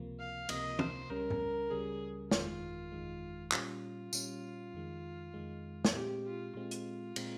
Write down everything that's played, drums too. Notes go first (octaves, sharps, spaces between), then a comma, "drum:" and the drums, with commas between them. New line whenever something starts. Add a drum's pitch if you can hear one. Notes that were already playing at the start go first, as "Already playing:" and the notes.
Already playing: C#2 C3 F3 A#3
F5
C#2 C3 F3 A#3 D#5, drum: cymbal
C5, drum: tom
C#2 C#3 G3 C#4 A#4
drum: tom G#2
C#2 C#3 G3 C#4 G#4
G1 F2 D#3 G#3 F4, drum: snare
G1 F2 D#3 G#3
A#2 G3 C#4 F4, drum: clap
A#2 G3 C#4, drum: tambourine
F2 D#3 G#3
F2 D#3 G#3
drum: snare
A#2 G#3 C4 G4
F4
A#2 G#3 C4 F4
drum: hi-hat
A#2 G#3 C4, drum: cymbal